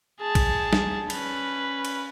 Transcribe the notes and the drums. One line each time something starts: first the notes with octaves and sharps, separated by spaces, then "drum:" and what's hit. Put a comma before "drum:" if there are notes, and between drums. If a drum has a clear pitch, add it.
G#4 A5
drum: kick, cymbal
drum: snare
C#4 B4, drum: cymbal
drum: cymbal